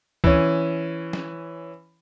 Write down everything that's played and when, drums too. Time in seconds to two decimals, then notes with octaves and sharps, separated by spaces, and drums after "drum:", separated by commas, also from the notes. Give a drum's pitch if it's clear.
0.24 E3 C#4, drum: kick
1.13 drum: snare